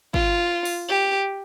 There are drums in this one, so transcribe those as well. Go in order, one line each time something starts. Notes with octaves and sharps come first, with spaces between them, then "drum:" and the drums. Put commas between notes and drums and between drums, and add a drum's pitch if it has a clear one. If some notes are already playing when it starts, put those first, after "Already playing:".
F4, drum: kick
drum: open hi-hat
G4